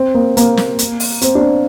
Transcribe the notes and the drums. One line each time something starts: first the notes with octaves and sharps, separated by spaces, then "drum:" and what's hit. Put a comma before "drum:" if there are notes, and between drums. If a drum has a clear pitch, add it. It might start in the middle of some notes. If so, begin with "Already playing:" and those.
Already playing: C4
A#3
A#3, drum: hi-hat
drum: snare
drum: hi-hat
drum: open hi-hat
C4, drum: hi-hat
D4